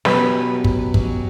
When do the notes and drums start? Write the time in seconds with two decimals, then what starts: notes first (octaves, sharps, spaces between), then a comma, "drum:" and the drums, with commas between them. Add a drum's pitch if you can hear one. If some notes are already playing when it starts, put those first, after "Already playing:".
0.05 B2 F#3 C#4 G4 B4, drum: snare
0.64 drum: kick
0.94 B2 F#3 C#4 G4, drum: kick